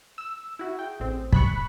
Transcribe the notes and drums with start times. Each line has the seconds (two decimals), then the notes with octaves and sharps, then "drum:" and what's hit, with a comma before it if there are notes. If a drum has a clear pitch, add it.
0.18 E6
0.59 E4 F#4
0.79 G#4 G5
1.00 A1 C4
1.33 B5 C#6 F#6 B6, drum: kick